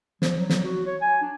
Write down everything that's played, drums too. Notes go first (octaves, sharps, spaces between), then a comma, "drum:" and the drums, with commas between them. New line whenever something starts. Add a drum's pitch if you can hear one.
F3, drum: snare
F#3
drum: snare
F#4
C#5
G#5
D4